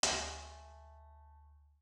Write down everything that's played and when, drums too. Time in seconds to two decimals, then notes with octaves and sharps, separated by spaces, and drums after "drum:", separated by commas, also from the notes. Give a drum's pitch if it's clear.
0.03 D2 F3 G#3 A3 G#5, drum: hi-hat